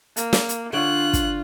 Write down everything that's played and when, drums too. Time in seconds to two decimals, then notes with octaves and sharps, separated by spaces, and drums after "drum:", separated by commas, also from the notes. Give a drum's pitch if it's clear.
0.16 A#3, drum: hi-hat
0.33 drum: snare
0.49 drum: hi-hat
0.73 D3 F4 C#5 G5 F#6
1.13 drum: kick, hi-hat